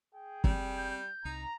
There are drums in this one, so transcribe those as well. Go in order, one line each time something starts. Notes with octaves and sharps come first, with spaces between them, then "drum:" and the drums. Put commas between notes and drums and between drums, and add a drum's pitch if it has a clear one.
G#4 G5
G3 C4, drum: kick
G6
C2 D#4 A#5